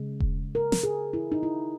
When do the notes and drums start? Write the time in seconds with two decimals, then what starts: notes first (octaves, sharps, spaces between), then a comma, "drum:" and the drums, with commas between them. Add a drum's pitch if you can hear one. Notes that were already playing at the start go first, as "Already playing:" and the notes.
Already playing: C#3 G#3
0.20 drum: kick E1
0.55 A#4
0.72 drum: snare
0.83 G#4
1.13 E4
1.32 D#4
1.43 E4